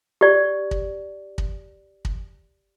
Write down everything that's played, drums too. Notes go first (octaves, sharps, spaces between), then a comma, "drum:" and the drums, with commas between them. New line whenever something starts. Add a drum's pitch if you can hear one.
G4 D5
drum: kick
drum: kick
drum: kick